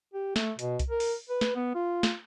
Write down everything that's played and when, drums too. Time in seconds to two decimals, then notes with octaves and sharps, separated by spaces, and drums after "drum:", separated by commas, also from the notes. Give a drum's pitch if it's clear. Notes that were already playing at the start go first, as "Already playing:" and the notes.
0.14 G4
0.36 A3, drum: snare
0.59 B2, drum: hi-hat
0.79 drum: kick C2, hi-hat
0.90 A#4
1.00 drum: open hi-hat
1.29 B4
1.41 drum: snare
1.56 B3
1.75 F4
2.03 drum: snare